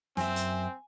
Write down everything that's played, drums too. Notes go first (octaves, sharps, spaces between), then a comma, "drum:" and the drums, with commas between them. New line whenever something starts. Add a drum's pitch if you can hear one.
F#2 C4 E5 G#5, drum: snare
drum: hi-hat